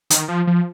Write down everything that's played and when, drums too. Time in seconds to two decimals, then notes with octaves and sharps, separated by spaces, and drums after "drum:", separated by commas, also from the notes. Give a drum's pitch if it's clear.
0.10 D#3, drum: hi-hat
0.28 F3
0.47 F3